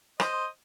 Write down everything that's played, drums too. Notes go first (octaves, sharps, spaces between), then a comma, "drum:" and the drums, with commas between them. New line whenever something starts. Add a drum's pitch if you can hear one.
C5 D#5, drum: rim click